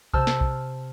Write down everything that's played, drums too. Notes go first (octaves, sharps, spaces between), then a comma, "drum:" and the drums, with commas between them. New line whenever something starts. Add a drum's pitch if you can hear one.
C3 C5 A5 E6 F6, drum: kick B1
drum: snare
drum: kick B1